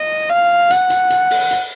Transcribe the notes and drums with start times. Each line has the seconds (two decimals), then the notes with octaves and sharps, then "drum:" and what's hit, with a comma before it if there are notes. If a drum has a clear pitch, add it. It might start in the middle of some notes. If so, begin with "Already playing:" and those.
Already playing: D#5
0.29 F5
0.70 F#5, drum: hi-hat
0.90 drum: hi-hat
1.10 drum: hi-hat
1.31 drum: open hi-hat
1.51 drum: hi-hat